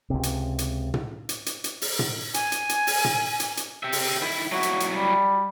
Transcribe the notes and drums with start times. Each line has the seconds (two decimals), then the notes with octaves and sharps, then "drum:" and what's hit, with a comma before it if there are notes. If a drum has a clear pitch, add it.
0.10 C#2 C3
0.23 drum: hi-hat
0.59 drum: hi-hat
0.94 drum: tom
1.29 drum: hi-hat
1.46 drum: hi-hat
1.64 drum: hi-hat
1.82 drum: open hi-hat
1.99 drum: tom
2.34 G#5, drum: hi-hat
2.52 drum: hi-hat
2.69 drum: hi-hat
2.87 drum: open hi-hat
3.05 drum: tom
3.40 drum: hi-hat
3.57 drum: hi-hat
3.83 G4 E5
3.92 drum: open hi-hat
4.22 D#3 E4
4.52 F#3 E4 F#4
4.63 drum: hi-hat
4.80 drum: hi-hat
4.94 G3